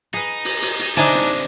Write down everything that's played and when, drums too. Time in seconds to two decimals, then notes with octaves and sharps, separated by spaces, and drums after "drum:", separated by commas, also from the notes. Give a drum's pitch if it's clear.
0.14 D#4 G#4 B4
0.45 drum: open hi-hat
0.62 drum: open hi-hat
0.79 drum: hi-hat
0.97 C3 E3 G#3 D4 D#4 G#5 A5, drum: hi-hat
1.14 drum: snare